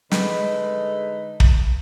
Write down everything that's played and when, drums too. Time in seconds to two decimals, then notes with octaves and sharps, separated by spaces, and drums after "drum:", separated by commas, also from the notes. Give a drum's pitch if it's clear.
0.12 D3 G#3 D#4 A4 B4, drum: snare
1.40 drum: kick